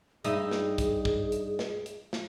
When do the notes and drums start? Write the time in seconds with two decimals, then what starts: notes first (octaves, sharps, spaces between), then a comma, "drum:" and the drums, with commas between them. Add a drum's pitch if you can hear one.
0.24 G2 D#4 G#4 E5, drum: hi-hat
0.51 drum: snare
0.78 drum: kick, hi-hat
1.05 drum: kick
1.32 drum: hi-hat
1.59 drum: snare
1.86 drum: hi-hat
2.13 drum: snare